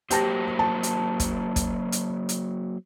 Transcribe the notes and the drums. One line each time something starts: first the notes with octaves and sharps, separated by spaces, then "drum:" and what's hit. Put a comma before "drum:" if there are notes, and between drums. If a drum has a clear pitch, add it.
F#3 A#3 G4 C5 A5 A#6, drum: hi-hat
A5
drum: hi-hat
drum: kick, hi-hat
drum: kick, hi-hat
drum: hi-hat
drum: hi-hat